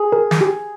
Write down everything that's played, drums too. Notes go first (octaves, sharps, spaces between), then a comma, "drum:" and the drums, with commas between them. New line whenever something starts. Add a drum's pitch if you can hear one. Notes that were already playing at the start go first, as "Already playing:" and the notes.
Already playing: G#4
A#4
drum: snare
G4